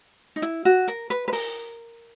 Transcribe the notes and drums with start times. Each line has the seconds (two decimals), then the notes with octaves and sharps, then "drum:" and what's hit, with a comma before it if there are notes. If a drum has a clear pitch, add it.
0.36 D#4
0.42 E4, drum: hi-hat
0.65 F#4
0.88 A#4, drum: hi-hat
1.10 B4, drum: hi-hat
1.28 B4
1.33 A#4, drum: open hi-hat